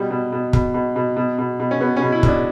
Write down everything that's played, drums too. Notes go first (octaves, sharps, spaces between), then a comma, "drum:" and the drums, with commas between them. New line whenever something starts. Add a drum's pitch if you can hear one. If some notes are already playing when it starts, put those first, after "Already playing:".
Already playing: B2 G3
B2
B2
B2, drum: kick
B2
B2
B2
B2
B2
C#4
B2 B3
C#4
B2
E4
B2, drum: kick
D4